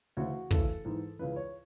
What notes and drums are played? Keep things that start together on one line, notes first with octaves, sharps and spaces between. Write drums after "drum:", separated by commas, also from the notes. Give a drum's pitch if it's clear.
D2 C#3 E3 F#4
D2 C#3 E3 A4, drum: kick
G#2 E3
C#2 C#3 E3 B4
C#5